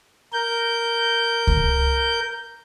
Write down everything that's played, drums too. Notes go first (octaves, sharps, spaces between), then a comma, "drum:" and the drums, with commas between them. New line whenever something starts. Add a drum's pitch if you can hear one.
A#4 G6
drum: kick C#2